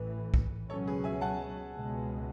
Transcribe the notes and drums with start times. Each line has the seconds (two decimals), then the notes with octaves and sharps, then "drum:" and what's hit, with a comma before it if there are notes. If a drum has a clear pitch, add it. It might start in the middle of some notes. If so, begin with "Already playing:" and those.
Already playing: A1 A2 E3 B4
0.34 drum: kick
0.70 C#2 B2 F#3 C#4 A4 C#5
0.87 G#4 B4
1.04 E5 G#5
1.21 F#5 A5
1.73 C#2 B2 G#3